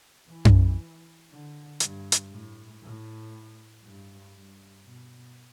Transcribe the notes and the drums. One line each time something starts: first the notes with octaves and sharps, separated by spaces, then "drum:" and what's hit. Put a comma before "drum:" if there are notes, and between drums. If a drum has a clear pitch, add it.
E3
drum: tom F#2
D3
G2, drum: hi-hat
drum: hi-hat
A2
A2
G2
G2
B2